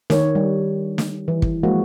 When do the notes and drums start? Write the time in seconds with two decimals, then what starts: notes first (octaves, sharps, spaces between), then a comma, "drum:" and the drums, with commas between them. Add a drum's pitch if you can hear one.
0.10 D#3 C#5, drum: snare
0.35 G3
0.98 drum: snare
1.28 E3
1.42 drum: kick
1.63 F3 G#3 A#3 F#4